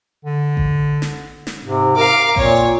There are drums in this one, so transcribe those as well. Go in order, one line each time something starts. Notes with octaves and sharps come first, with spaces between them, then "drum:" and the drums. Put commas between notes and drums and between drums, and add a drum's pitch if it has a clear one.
D3
drum: kick A1
drum: snare
drum: snare
G#2 C3
A#4 F5 D6
A#2 C4 C#5, drum: kick A1